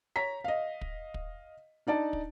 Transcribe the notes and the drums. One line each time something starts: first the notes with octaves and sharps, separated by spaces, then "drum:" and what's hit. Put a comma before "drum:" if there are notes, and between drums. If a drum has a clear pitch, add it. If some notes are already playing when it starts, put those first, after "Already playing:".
C#5 A#5 B6
D#5 F5
drum: kick
drum: kick
D4 D#4 D5 A5
drum: kick